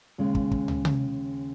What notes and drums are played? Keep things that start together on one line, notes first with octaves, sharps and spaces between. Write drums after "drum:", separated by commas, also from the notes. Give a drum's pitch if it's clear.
D#2 C#3 G#3
drum: kick
drum: kick
drum: tom
drum: tom C3